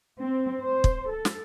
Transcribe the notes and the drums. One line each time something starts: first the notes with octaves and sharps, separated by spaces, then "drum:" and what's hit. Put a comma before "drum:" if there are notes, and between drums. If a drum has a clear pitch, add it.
C4
C5
drum: kick
A4
drum: snare